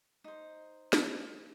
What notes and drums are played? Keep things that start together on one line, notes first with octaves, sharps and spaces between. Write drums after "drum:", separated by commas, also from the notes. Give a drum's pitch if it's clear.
D#4 C5
drum: snare